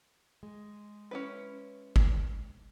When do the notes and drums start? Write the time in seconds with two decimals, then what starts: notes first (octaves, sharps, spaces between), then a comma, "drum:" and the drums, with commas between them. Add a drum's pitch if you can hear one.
0.43 G#3
1.11 C#4 E4 B4
1.96 drum: kick